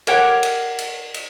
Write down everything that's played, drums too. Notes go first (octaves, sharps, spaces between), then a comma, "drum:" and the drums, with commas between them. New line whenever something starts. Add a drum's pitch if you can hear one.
G4 A#4 C#5 F#5 G5, drum: cymbal
drum: cymbal
drum: cymbal
drum: cymbal